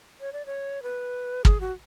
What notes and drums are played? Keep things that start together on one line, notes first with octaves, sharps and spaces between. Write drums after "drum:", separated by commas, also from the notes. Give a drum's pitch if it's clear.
C#5
D5
C#5
B4
G#4, drum: kick
F#4